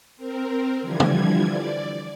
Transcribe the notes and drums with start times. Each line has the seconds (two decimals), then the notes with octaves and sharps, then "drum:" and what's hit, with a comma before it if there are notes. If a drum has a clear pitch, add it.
0.17 C4 A#4
0.81 D3 E3 F3 G3 G#6
1.00 drum: tom
1.45 D5